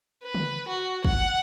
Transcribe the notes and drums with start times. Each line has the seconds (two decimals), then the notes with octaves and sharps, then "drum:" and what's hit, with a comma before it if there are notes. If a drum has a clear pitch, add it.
0.24 B4
0.35 drum: tom
0.68 F#4
1.05 F#5, drum: kick